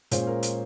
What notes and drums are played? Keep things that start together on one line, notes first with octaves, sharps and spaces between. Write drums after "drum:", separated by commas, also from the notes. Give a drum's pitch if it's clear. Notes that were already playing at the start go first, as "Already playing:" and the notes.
A#2 G#3 C#4 F4 C5, drum: hi-hat
A#4
drum: hi-hat